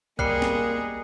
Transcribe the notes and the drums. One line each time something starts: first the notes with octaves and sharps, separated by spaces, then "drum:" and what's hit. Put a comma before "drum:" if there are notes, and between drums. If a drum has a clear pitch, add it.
G3 G#3 A#3 G#4 F#6 C7 C#7, drum: kick A#1
drum: snare